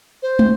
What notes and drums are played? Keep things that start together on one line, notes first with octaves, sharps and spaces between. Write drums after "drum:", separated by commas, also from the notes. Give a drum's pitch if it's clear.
C5
drum: tom